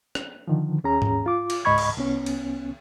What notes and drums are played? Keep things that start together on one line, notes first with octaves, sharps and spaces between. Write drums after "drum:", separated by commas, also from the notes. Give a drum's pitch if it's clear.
drum: rim click
D3 D#3 F3
D#2 C#4 G#4 A#5
drum: tom G#2
F4 D6
drum: cymbal
C#2 G#2 D#5 B5 C#6 G#6
drum: cymbal
C2 B3 C#4
drum: cymbal